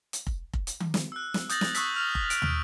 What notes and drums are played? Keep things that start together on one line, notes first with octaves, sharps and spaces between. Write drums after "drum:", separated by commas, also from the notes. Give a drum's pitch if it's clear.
drum: hi-hat
drum: kick F1
drum: kick F1
drum: hi-hat
drum: tom D#3
drum: snare
E6 F#6
drum: snare
D#6 G6 A6 A#6 F#7, drum: hi-hat
drum: snare
C#6 D#6 E6 F#6 B6, drum: hi-hat
F6 F7
drum: kick F1
D7, drum: hi-hat
drum: tom